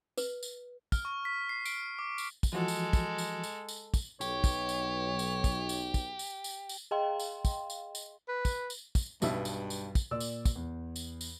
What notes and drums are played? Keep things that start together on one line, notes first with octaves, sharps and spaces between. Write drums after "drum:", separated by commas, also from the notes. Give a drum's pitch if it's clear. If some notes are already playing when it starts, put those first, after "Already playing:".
B4, drum: tambourine
drum: tambourine
F6, drum: kick, tambourine
C#6
B6
C7
D7, drum: tambourine
D6
drum: tambourine
drum: kick, tambourine
E3 F3 G#3 F#4 A4
drum: tambourine
drum: kick, tambourine
drum: tambourine
drum: tambourine
drum: tambourine
drum: kick, tambourine
B1 G4 C#5, drum: tambourine
drum: kick, tambourine
drum: tambourine
drum: tambourine
drum: kick, tambourine
drum: tambourine
drum: kick, tambourine
drum: tambourine
drum: tambourine
drum: tambourine
G#4 D#5 F5 G5 C6
drum: tambourine
drum: kick, tambourine
drum: tambourine
drum: tambourine
B4
drum: kick, tambourine
drum: tambourine
drum: kick, tambourine
B1 G2 B2 E5, drum: tambourine
drum: tambourine
drum: tambourine
drum: kick, tambourine
A#2 D5 E6
drum: tambourine
drum: kick, tambourine
E2
drum: tambourine
drum: tambourine